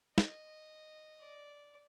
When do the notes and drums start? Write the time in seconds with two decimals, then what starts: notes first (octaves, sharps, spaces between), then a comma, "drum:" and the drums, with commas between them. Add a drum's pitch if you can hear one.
0.18 D#5, drum: snare
1.21 D5